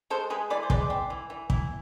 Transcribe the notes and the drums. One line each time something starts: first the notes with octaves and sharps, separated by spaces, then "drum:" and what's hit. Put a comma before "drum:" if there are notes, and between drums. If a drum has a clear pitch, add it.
G#3 A4 C5
G#3 G#4 B4
E3 B4 D5
C5
G#3 B4 D5, drum: kick
C4
E3
E3
E3 E4, drum: kick